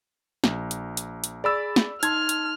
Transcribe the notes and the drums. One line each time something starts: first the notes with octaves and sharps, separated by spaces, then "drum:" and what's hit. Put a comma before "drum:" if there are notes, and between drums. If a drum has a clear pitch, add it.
A#1, drum: snare
drum: hi-hat
drum: hi-hat
drum: hi-hat
G#4 D5 B5 E6 A6
drum: snare
D#4 A5 C6 F6 G#6, drum: hi-hat
drum: hi-hat